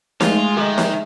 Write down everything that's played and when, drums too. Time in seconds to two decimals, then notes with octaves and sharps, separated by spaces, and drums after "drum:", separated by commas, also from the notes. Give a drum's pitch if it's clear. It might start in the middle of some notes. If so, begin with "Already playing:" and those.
0.21 G#3 A3 F4, drum: snare D#4
0.57 D#3 A4 D#5 E5
0.78 drum: snare D#4